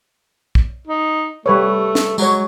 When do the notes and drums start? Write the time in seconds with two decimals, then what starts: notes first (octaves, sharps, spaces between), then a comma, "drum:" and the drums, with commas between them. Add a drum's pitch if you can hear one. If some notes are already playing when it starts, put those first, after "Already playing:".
0.55 drum: kick
0.87 D#4
1.46 G3 A3 B4 C#5
1.95 drum: snare
2.18 F#3 G#3 C#5, drum: tambourine